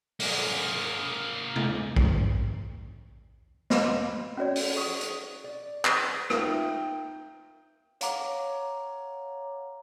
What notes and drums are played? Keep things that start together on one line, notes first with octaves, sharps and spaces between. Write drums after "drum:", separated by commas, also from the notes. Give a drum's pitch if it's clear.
A#3 G#4, drum: open hi-hat
drum: tom C3
drum: kick A#1
D#5 B5 C6 D6, drum: snare
C#4 F#4 C#5 D5
drum: open hi-hat
G#4 C#6 D#6
drum: hi-hat
D5
drum: clap
D#4 F4 A#4 E5 G5, drum: rim click
C#5 F5 F#5 A#5 D6, drum: hi-hat